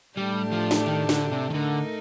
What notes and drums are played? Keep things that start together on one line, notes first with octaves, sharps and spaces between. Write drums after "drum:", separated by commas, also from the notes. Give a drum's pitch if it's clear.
A2 G3 A3 D4 G4
F3
drum: snare
D#3
D3, drum: snare
C3
D#3
D3 A3 D#4 A#4